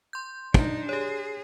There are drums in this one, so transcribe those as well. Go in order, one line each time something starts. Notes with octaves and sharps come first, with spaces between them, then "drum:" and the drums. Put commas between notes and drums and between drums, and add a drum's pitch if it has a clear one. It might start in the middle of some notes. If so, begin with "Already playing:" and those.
C6 G6
D4 D#4, drum: kick
G4 G#4 C#5